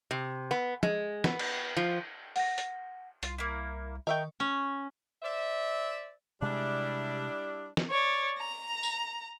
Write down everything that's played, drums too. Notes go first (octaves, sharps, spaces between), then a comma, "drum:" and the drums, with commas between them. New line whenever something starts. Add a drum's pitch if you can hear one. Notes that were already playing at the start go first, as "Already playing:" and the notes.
C3
B3
G#3, drum: tom
B3, drum: snare
drum: cymbal
F3
F#5 A#6, drum: open hi-hat
drum: hi-hat
C2 F4, drum: hi-hat
A#3 E4
D#3 A#4 D#5 E5 G5 C#6
C#4
C5 D5 E5
C3 G3 G#3 D4 E4
drum: snare
C#5 D5
A#5
drum: tambourine